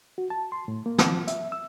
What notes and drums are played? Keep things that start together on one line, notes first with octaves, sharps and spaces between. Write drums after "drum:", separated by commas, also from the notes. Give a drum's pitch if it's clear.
F#4
A5
C6
A2
A#3
F3, drum: snare
F3
E5, drum: hi-hat
E6